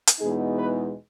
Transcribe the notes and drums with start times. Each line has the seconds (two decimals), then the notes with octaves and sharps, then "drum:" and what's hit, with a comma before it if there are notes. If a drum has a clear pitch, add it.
0.07 drum: hi-hat
0.20 E2 B2 G#3 B3 D#4 G#4
0.57 B4